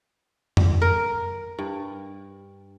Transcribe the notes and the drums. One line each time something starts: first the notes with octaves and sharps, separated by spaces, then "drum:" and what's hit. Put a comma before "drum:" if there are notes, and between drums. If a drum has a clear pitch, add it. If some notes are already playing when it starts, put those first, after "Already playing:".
drum: tom F2
A#4
G2